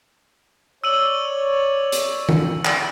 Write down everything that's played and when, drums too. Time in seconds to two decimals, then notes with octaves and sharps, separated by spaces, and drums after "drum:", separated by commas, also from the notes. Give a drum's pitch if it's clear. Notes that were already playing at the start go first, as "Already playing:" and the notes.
0.84 C#5 D5 E6 D#7 F#7
1.25 E6
1.92 drum: hi-hat
2.29 drum: tom
2.65 drum: clap